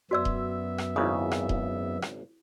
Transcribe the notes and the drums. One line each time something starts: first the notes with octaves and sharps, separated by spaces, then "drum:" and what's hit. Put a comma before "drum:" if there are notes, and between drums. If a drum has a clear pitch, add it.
F#2 B3 F#4 D5 E5 E6
drum: kick D#1
drum: rim click
G#1 C#3 E4 D#6
drum: rim click
drum: kick D#1
drum: rim click